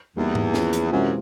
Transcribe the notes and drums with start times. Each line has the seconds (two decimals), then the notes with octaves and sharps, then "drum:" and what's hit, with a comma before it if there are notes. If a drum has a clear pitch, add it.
0.16 E2 G3 A#3 D#4 G4
0.35 drum: tom G#2
0.54 F3 A#3 C#4, drum: snare
0.73 drum: hi-hat
0.91 F#2 C3 E3 G#3 C4 F4